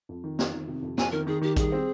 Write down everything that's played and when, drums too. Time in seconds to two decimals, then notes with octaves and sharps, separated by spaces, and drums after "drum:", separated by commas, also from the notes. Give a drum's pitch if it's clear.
0.09 F2
0.24 D#3
0.39 F2, drum: snare
0.54 D#3
0.68 C3
0.82 F2
0.98 F2 G#5, drum: snare
1.12 D#3 A#4
1.27 D#3 G#4
1.41 D#3 G4
1.56 G3 G#4, drum: kick A1, hi-hat
1.72 C4